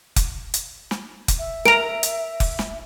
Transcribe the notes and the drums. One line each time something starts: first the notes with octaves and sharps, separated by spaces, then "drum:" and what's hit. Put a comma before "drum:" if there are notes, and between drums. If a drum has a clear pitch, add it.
drum: kick F1, hi-hat
drum: hi-hat
drum: snare
drum: kick F1, hi-hat
E5
A#4 A#5 D7 F7, drum: snare
drum: hi-hat
drum: kick F1, open hi-hat
drum: snare